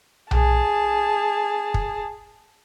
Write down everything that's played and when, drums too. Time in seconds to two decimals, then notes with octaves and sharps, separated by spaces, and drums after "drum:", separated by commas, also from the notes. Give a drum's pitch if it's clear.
0.31 G#4 A5, drum: tom B1
1.74 drum: kick